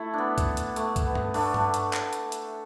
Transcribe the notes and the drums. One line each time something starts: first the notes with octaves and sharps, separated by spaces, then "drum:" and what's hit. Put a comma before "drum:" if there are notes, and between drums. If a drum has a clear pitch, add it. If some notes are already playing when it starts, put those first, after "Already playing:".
Already playing: A3 E4
B3 D4
drum: kick, hi-hat
drum: hi-hat
A3, drum: hi-hat
drum: kick, hi-hat
B3
drum: tom G2
A3 D4, drum: open hi-hat
drum: tom G2
drum: hi-hat
drum: clap
drum: hi-hat
drum: hi-hat